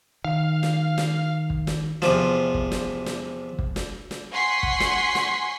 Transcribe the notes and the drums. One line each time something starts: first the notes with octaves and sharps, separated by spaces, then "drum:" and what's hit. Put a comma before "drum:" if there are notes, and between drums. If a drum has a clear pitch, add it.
D#3 F5
drum: snare
drum: snare
drum: kick
drum: snare
E2 C3 F3, drum: snare
drum: kick
drum: snare
drum: snare
drum: kick
drum: snare
drum: snare
F#5 G#5 C6 C#6 B6 C7
drum: kick
drum: snare
drum: snare